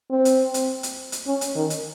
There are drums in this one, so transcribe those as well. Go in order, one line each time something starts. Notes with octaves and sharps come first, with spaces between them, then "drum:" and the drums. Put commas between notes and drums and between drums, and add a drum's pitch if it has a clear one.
C4
drum: hi-hat
drum: hi-hat
drum: hi-hat
drum: hi-hat
C#4
drum: hi-hat
D#3
drum: hi-hat